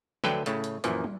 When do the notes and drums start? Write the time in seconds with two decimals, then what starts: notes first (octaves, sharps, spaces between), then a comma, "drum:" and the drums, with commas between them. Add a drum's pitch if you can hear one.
0.24 D2 D3 F#3 A4 B4 G5, drum: snare
0.46 A2 C#3 A3, drum: hi-hat
0.64 drum: hi-hat
0.84 F#2 A#2 E3 F3, drum: hi-hat
1.04 drum: tom